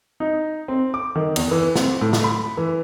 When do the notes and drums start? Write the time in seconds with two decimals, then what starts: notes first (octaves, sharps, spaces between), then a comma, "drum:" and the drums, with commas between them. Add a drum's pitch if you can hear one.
0.20 D#4
0.68 C4
0.94 D6
1.15 D#3
1.36 E2, drum: cymbal
1.51 E3
1.76 C4, drum: snare
2.01 A2
2.13 drum: snare
2.24 B5
2.57 E3